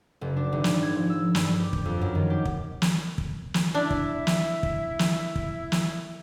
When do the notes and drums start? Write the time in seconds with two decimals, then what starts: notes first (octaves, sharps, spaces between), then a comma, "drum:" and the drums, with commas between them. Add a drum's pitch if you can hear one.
0.21 F#1
0.36 D4
0.52 G#1
0.64 drum: snare
0.82 G#6
0.96 F3
1.10 E6
1.35 G2, drum: snare
1.60 G4
1.73 drum: kick
1.85 F2
2.01 F#2
2.15 D#3
2.30 G4
2.45 drum: kick
2.82 drum: snare
3.18 drum: kick
3.54 drum: snare
3.75 D4 E4 E5
3.90 drum: kick
4.27 drum: snare
4.63 drum: kick
4.99 drum: snare
5.36 drum: kick
5.72 drum: snare